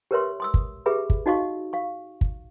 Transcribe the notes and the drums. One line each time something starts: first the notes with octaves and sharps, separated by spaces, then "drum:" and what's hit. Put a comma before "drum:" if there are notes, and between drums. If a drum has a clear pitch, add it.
G4 A#4 B4 C#5 E5 C6
C6 D#6 E6
drum: kick
G4 G#4 B4 E5 B5
drum: kick
D#4 F#4 D#5 F5 C#6
F5 C#6
drum: kick